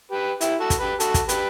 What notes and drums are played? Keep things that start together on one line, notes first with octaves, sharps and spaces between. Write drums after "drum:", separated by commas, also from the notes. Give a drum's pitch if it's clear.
G4 B4
E4 G4, drum: hi-hat
F#4 A4
drum: kick, hi-hat
G4 B4
F#4 A4, drum: hi-hat
drum: kick, hi-hat
G4 B4, drum: hi-hat